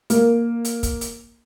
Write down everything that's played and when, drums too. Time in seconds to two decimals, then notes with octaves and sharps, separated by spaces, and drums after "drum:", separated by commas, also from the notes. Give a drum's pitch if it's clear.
0.10 A#3, drum: hi-hat
0.65 drum: hi-hat
0.83 drum: kick, hi-hat
1.01 drum: hi-hat